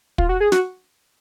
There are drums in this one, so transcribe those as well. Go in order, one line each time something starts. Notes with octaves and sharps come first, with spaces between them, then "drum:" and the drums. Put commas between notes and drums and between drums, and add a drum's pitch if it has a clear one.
F4, drum: kick
F#4
G#4
F#4, drum: snare